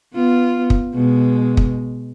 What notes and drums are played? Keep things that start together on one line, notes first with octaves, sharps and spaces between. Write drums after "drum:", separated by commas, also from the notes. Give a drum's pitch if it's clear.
B3 F4
drum: kick
B2 G#3
drum: kick